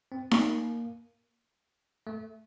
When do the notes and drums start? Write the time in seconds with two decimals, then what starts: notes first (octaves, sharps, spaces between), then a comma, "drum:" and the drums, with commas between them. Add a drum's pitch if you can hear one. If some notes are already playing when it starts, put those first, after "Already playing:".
0.12 C4
0.31 A#3, drum: snare D#4
2.07 A3